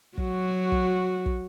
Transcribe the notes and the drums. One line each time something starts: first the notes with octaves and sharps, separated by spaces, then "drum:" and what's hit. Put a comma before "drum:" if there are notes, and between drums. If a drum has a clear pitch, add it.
F#3 F#4, drum: kick
drum: kick
drum: kick